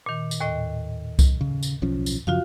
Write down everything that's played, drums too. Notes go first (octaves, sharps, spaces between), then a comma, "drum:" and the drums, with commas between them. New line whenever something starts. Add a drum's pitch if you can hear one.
A#2 D#3
drum: tambourine
D#2 A2 D#5
drum: kick C2, tambourine
C#3
drum: tambourine
B1 F3 C#4
drum: tambourine
F#2 C#3 F3 F4 F#4 F5